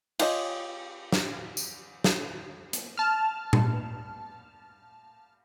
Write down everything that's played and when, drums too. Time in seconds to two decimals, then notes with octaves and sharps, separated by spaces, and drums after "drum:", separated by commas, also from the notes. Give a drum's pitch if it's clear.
0.19 F4 G4 G#4 C#5 D#5, drum: cymbal
1.12 drum: snare
1.57 drum: tambourine
2.04 drum: snare
2.73 drum: hi-hat
2.98 A5 F6
3.53 drum: tom A#2